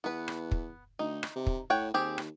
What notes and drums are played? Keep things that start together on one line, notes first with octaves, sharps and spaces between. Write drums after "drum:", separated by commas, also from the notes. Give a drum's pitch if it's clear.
E2 B3 B4
drum: rim click
drum: kick
D2 D#4
drum: rim click
C3
drum: kick
A2 C#5 F#5 G5
D#2 C4 G4 G#4
drum: rim click